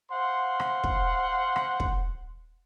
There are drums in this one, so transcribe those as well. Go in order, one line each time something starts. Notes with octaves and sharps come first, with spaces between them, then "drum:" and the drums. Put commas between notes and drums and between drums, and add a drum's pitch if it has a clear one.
C5 F5 F#5 C6
drum: rim click
drum: kick
drum: rim click
drum: kick